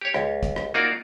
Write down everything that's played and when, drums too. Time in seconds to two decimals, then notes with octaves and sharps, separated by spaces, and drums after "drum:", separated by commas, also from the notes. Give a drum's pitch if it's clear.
0.01 G4 C#5
0.14 C#2, drum: rim click
0.43 drum: kick, hi-hat
0.56 drum: rim click
0.74 A#3 D#4 F4 F#4 A#4 D5